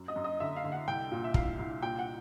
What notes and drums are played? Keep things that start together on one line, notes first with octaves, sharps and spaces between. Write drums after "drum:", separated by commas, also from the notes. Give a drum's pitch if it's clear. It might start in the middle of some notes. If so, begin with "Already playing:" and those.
Already playing: F#2
D#5
F#2
D#5
D3 E5
F5
D3
F#5
C2 G5
A#2
E5
C2 F5, drum: kick
C2
A#2 G5
F#5